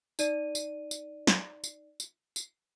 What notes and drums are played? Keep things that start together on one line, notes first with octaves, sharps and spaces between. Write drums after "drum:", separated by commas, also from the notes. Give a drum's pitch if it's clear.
D#4 D5 D#7, drum: tambourine
drum: tambourine
drum: tambourine
drum: snare
drum: tambourine
drum: tambourine
drum: tambourine